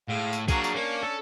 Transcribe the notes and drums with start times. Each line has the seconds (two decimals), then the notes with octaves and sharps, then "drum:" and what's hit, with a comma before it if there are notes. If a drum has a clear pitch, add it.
0.09 A2 G#3 F5
0.33 drum: tambourine
0.48 F#3 A#3 D4 G#4 A#4, drum: kick, tambourine
0.64 drum: tambourine
0.74 A#3 C#4 D4
1.03 A4